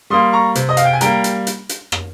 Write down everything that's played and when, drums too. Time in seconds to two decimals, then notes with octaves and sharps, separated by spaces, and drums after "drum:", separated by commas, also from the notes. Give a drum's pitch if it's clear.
0.10 G3 A#3 C6 D#6
0.33 A#5 C#6
0.55 C3, drum: hi-hat
0.69 D#5
0.77 F5, drum: hi-hat
0.85 G5
0.93 G#5
1.01 G3 A#3 G5 A#5, drum: hi-hat
1.24 drum: hi-hat
1.47 drum: hi-hat
1.69 drum: hi-hat
1.92 drum: rim click